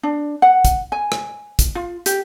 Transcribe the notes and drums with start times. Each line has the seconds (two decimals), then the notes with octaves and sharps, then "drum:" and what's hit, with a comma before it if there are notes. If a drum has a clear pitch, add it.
0.03 D4
0.42 F#5
0.65 drum: kick, hi-hat
0.92 G#5
1.12 drum: rim click
1.59 drum: kick, hi-hat
1.75 F4
2.06 G4, drum: hi-hat